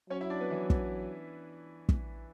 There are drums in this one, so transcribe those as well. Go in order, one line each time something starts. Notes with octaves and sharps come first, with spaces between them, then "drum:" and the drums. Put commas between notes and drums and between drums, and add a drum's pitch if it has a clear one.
F#3 C#4 C#5
E4 E5
D4 D5
B3 B4
E3 E4
drum: kick
drum: kick